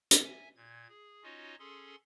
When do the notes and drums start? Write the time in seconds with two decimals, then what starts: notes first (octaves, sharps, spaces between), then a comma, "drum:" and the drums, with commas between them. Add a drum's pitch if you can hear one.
0.11 drum: hi-hat
0.24 E5 G#5
0.56 A#2 G#6
0.89 G#4
1.23 C#4 D#4 F4 F#4 C#5 D#5
1.59 C#4 G#4 A4 C6